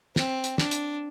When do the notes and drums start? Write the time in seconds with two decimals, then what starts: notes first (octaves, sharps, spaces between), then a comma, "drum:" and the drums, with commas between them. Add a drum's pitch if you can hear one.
0.16 C4, drum: snare
0.44 drum: hi-hat
0.58 D4, drum: snare
0.71 drum: hi-hat